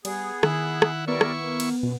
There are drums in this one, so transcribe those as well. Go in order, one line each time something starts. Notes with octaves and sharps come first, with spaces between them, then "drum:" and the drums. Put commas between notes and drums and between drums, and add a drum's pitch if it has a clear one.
G3 B3 G#4, drum: cymbal
D#3 E4 F#5, drum: rim click
drum: rim click
G3 B3 E4 A#4 D5 C#6
drum: rim click
A#3
drum: cymbal
F#2 B2